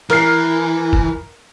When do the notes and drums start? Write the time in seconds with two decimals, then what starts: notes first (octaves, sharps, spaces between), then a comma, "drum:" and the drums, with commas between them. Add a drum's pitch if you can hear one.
0.10 E3 A#4 F6 C7, drum: cymbal
0.93 drum: kick